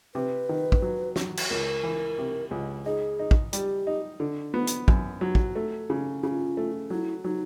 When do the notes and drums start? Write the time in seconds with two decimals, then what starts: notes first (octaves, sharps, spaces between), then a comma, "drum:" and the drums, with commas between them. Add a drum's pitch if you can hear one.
0.15 C3 B4
0.49 D#3
0.72 drum: kick
0.82 F#3
1.16 F#3, drum: snare
1.37 drum: cymbal
1.50 C#2 A#4
1.83 E3
2.18 C3
2.51 C#2
2.86 D#4 G#4
3.19 D#4
3.31 drum: kick
3.53 G3 G4, drum: hi-hat
3.87 D#4
4.20 D3
4.54 B3
4.67 drum: hi-hat
4.88 F#2, drum: kick
5.21 F#3
5.35 drum: kick
5.55 A3
5.90 C#3
6.23 C#3 F4 G4
6.57 A3
6.90 F#3 E4
7.24 F#3 D#4